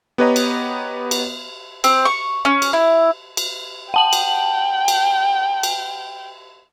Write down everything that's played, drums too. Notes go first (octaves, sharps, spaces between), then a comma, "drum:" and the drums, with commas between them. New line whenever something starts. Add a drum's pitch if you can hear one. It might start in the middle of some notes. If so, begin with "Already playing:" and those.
B3 G4 B4 C#5 D#5 A#5
drum: cymbal
drum: cymbal
C4, drum: cymbal
C#6
C#4
drum: cymbal
E4
drum: cymbal
F#5 G5 A5 F#7
drum: cymbal
drum: cymbal
drum: cymbal